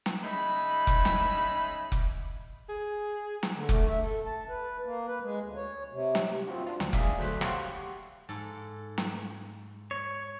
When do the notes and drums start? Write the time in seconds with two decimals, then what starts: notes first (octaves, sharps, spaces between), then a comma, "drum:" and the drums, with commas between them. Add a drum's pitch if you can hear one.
0.06 drum: snare
0.23 C#3 G#3 D#4 E5 B5
0.87 drum: kick F1
1.05 drum: snare
1.92 drum: kick F1
2.69 G#4
3.43 drum: snare
3.53 D3
3.69 A3, drum: kick F1
3.88 E5
4.02 A4
4.25 A5
4.49 B4
4.85 A#3
5.07 B4
5.23 G#3
5.43 D2
5.56 C#5
5.93 C3
6.15 drum: snare
6.48 C4 F4 F#4
6.67 D4 F4
6.80 D2, drum: snare
6.93 G#4 D5 E5 F5, drum: kick F1
7.18 D2 F#3 A3 C5 F#6 B6
7.41 G4 F5 F#5 C6 C#6, drum: rim click
8.29 G#2 A4
8.98 drum: snare
9.91 C#5